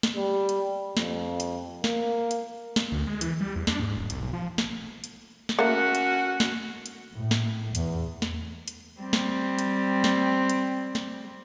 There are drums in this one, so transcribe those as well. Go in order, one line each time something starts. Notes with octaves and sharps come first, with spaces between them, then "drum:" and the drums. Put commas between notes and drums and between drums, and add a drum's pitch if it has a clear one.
drum: snare
G3
drum: hi-hat
F2, drum: snare
drum: hi-hat
A#3, drum: snare
drum: hi-hat
drum: snare
D2
G#3
E3, drum: hi-hat
G3
E2
D4, drum: snare
G#2
D1
C2, drum: hi-hat
B1
F3
drum: snare
drum: hi-hat
drum: snare
A3 A#3 C#4 F#4 F#5
drum: hi-hat
drum: snare
drum: hi-hat
A2
drum: snare
E2, drum: hi-hat
drum: snare
drum: hi-hat
G3 C4
drum: snare
drum: hi-hat
drum: snare
drum: hi-hat
drum: snare